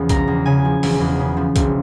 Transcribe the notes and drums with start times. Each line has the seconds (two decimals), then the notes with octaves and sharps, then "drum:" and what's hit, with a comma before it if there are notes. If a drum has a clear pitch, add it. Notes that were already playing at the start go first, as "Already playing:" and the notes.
Already playing: E2 C#3 F3
0.09 E1 A#5, drum: kick B1, hi-hat
0.28 E2
0.46 C#3 G#5
0.65 F3
0.83 E1, drum: open hi-hat
1.00 E2
1.20 C#3
1.37 F3
1.56 E1, drum: kick B1, hi-hat